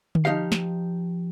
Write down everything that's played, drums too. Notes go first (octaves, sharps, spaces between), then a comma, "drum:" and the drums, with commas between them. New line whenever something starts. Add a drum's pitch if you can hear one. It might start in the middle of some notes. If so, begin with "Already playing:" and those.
drum: tom D3
F3 D#4 G4 F5
drum: snare